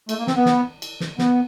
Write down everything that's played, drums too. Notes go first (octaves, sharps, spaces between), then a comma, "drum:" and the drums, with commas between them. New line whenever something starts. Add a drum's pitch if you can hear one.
A3, drum: cymbal
A#3
C4, drum: snare
B3
drum: snare
drum: cymbal
drum: snare
B3, drum: snare